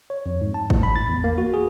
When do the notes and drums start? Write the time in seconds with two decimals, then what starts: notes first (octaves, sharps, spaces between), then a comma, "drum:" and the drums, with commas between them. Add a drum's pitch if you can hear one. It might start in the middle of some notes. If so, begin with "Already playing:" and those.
0.10 C#5
0.26 F2
0.41 G#2
0.54 A5
0.70 A2, drum: kick
0.83 B5
0.96 A6
1.09 E2
1.24 A#3
1.38 F#4
1.54 G#4